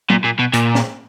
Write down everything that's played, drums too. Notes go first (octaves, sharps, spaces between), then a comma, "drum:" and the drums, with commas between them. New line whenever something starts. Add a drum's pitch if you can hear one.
A#2, drum: tom F#3
A#2
B2
A#2, drum: hi-hat
drum: snare